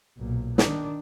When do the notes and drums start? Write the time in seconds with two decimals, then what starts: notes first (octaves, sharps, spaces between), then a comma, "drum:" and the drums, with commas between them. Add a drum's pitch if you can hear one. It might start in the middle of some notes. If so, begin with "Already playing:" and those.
0.17 B1 A#2
0.58 D#3 D4, drum: snare